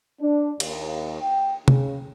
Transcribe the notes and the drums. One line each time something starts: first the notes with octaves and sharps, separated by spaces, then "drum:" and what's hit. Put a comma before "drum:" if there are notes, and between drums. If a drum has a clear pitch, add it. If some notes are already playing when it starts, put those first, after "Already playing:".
D4
D#2, drum: cymbal
G5
C#3, drum: tom C3